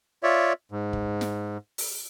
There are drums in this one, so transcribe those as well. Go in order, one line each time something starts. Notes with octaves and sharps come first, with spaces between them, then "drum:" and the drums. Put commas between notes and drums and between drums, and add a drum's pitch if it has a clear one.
F4 C#5 D5 E5
G#2
drum: kick
drum: snare
drum: open hi-hat